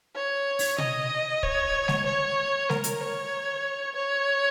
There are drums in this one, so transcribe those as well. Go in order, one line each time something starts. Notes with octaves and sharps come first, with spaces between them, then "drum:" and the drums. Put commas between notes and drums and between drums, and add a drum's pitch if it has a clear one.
C#5
drum: open hi-hat
D#5, drum: tom B2
C#5, drum: kick
drum: snare G#3
C#5
A#4, drum: snare G#3
drum: hi-hat
C#5
C#5